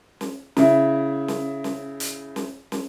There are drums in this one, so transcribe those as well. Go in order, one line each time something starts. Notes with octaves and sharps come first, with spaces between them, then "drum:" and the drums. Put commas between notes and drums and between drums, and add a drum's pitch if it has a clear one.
drum: snare
C#3 E4, drum: snare
drum: snare
drum: snare
drum: hi-hat
drum: snare
drum: snare